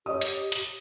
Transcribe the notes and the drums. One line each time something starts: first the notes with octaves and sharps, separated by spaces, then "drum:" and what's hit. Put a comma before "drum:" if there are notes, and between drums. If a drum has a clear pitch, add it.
G4 C#5 D#5 D#6
drum: hi-hat
drum: hi-hat